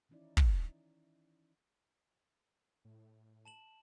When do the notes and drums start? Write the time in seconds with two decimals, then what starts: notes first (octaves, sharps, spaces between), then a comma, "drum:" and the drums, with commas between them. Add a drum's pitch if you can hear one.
0.09 D#3 E3 C#4 D#4 E4 D5
0.37 drum: kick
2.85 A2
3.45 A5 E7 F#7